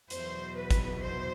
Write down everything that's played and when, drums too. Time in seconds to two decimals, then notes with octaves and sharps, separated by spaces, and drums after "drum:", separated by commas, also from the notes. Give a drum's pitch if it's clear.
0.10 E2 B2 F#3 C5, drum: hi-hat
0.56 B4
0.71 drum: kick G#1, hi-hat
1.01 C5